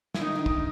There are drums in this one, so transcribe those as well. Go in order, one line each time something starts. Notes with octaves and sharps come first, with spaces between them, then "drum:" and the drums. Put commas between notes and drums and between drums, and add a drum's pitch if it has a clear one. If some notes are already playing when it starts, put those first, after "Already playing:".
D#3 E4, drum: snare
D#4
D#3 D#4
drum: kick